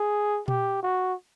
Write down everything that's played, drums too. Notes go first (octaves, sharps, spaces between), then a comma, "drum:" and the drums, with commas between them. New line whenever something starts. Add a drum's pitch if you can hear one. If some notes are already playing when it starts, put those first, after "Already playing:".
Already playing: G#4
G4, drum: tom A#2
F#4